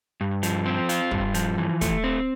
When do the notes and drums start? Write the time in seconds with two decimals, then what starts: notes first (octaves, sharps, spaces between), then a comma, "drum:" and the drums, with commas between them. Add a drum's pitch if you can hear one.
0.21 G2
0.43 F3, drum: hi-hat
0.66 C4
0.89 F4, drum: hi-hat
1.11 G2, drum: kick
1.34 F3, drum: hi-hat
1.58 E3
1.81 A3, drum: kick, hi-hat
2.04 C4